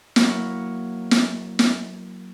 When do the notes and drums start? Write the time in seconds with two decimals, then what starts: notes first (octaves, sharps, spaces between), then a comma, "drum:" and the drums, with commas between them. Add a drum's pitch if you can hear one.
0.16 F#3 A#3 E4 A#4 C#5, drum: snare
1.11 drum: snare
1.59 drum: snare